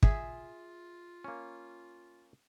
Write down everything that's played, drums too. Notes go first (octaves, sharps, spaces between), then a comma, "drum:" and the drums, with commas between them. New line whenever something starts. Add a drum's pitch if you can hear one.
F4 G#4 E5, drum: kick
A#3 C#4